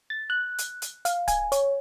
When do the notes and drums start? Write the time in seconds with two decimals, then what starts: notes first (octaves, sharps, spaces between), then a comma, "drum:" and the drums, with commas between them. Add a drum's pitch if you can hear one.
0.10 A6
0.30 F#6
0.58 drum: hi-hat
0.82 drum: hi-hat
1.05 F5, drum: hi-hat
1.28 G#5, drum: kick D1, hi-hat
1.52 C#5, drum: hi-hat